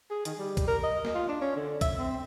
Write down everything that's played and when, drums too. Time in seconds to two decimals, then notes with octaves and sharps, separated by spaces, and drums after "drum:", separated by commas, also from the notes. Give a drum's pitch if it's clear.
0.10 G#4
0.25 D#3, drum: hi-hat
0.38 G3
0.57 drum: kick C2, hi-hat
0.67 A#4
0.83 D#5
1.05 drum: snare
1.15 F4
1.28 D4
1.41 C#4
1.56 D3
1.81 E5, drum: kick C2, hi-hat
1.98 C4